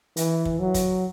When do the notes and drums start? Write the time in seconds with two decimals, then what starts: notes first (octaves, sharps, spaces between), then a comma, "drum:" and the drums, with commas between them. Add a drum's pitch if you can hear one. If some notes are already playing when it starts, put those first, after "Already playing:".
0.17 E3, drum: hi-hat
0.45 drum: kick
0.60 F#3
0.74 drum: kick, hi-hat